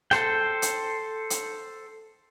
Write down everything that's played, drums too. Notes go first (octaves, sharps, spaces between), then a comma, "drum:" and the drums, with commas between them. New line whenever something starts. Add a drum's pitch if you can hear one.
A4 C5 G5, drum: rim click
drum: hi-hat
drum: hi-hat